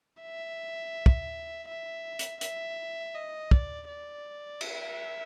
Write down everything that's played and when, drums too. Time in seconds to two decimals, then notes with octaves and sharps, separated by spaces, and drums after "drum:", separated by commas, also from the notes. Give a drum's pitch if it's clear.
0.22 E5
1.06 drum: kick
1.68 E5
2.19 drum: hi-hat
2.41 E5, drum: hi-hat
3.15 D#5
3.51 D5, drum: kick
3.88 D5
4.61 E5, drum: cymbal